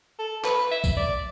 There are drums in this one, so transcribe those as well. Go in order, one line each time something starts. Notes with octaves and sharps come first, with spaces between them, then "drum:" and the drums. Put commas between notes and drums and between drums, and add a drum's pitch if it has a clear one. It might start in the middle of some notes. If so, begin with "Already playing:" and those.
A4
B4, drum: clap
E5
drum: kick, tambourine
D5